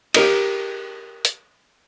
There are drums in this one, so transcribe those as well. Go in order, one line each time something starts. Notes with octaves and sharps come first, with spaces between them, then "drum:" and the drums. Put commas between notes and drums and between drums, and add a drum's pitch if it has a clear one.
G4 A#4 D#5, drum: cymbal
drum: hi-hat